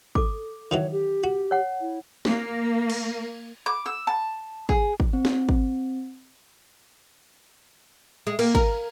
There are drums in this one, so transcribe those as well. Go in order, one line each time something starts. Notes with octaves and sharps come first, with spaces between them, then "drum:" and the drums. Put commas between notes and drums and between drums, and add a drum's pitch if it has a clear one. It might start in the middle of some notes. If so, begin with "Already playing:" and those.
A4 D6, drum: kick
D#3 E3 F#3 C#5
G4
F#4
C#5 F#5
E4
A#3, drum: snare
drum: cymbal
D6
E6
A5
G#4, drum: kick
drum: kick
C4
drum: snare
drum: kick
G#3
A#3, drum: cymbal
A#4, drum: kick